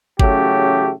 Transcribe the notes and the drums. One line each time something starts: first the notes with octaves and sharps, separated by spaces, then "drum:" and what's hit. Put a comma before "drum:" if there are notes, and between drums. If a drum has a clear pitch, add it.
A1 C#3 F#3 A3 G4, drum: kick